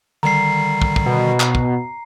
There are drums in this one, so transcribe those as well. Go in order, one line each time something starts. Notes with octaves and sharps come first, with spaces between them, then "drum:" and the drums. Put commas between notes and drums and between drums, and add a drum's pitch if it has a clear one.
D3 D#3 G3 A#5 C7
drum: kick
drum: kick
B2
drum: clap
drum: kick